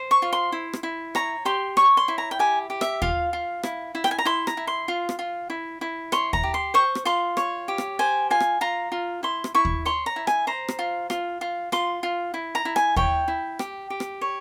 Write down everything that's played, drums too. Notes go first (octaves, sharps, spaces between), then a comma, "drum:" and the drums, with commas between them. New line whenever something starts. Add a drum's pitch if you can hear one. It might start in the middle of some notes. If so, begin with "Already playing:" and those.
Already playing: C5
C#6
F4
C6
E4
drum: rim click
E4
C#5 A#5, drum: rim click
G4 C6
C#5 C#6, drum: rim click
C6
E4
A#5
G5
G4 G#5
G4
E5, drum: rim click
F4 F5, drum: kick D#2
F4
E4, drum: rim click
E4
G5, drum: rim click
G#5
A#5
E4 C6
A#5, drum: rim click
E4
C6
F4
drum: rim click
F4
E4
E4
C#5 C6, drum: rim click
A#5, drum: kick D#2
G4
C6
C5 C#6
drum: rim click
F4 C6
C#5, drum: rim click
G4
drum: rim click
C5 G#5
F4 G#5
drum: rim click
F4 A#5
F4
E4 C6
drum: rim click
E4 C#6
drum: kick D#2
C#5 C6
A#5
E4
G#5, drum: rim click
C5 A#5
drum: rim click
F4
F4, drum: rim click
F4
F4 C6, drum: rim click
F4
E4
A#5
E4
G#5, drum: rim click
C#5 G5, drum: kick D#2
E4
G4, drum: rim click
G4
drum: rim click
C#5